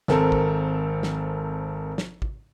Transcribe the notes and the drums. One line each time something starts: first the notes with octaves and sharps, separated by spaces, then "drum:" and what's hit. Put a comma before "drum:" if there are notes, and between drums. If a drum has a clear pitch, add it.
G#1 C4 A4 A#4, drum: snare
drum: kick
drum: snare
drum: snare
drum: kick